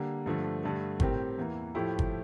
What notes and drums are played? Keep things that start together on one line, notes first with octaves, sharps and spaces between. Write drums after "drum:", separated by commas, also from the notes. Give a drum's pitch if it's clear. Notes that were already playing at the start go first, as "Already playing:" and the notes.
Already playing: D3 G3 A#3
G2 D3 F3 A3
G2 D3 A3
A2 G3 C4 G4 A#4, drum: kick G1
E2 E3 A#3
A2 F3 A3 E4 G4
drum: kick G1